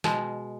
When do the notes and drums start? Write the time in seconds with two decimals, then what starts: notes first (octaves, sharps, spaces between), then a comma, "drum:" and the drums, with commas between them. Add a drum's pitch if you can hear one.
0.04 B2 G#3, drum: snare